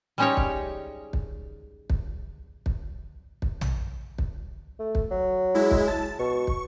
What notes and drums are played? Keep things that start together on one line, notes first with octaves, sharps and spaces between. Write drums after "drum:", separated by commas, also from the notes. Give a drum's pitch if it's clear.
G3 G#3 C#4 D#4 G4 C#5
drum: kick
drum: kick
drum: kick
drum: kick
drum: kick
drum: tom A#1
drum: kick
A3
drum: kick
F#3
G#3 E4
drum: kick
A5
B2 C#6
drum: kick